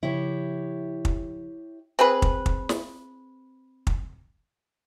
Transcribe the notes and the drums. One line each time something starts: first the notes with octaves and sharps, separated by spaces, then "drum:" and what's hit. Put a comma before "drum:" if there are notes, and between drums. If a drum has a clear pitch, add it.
C#3 F3 E4 G4 C#5
drum: kick
C4 G#4 B4
drum: kick
drum: kick
drum: snare
drum: kick